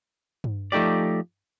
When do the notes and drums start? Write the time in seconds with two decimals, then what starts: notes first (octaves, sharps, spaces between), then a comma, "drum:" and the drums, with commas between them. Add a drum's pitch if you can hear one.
0.44 drum: tom G2
0.72 F3 A3 D#4 G4 D5